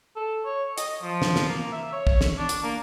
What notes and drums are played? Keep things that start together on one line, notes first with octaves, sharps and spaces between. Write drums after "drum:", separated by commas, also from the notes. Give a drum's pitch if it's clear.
A4
C#5
D#5, drum: hi-hat
F3
drum: snare
drum: snare
A#3
E5
C#5
drum: kick
drum: snare
D4
drum: hi-hat
A#3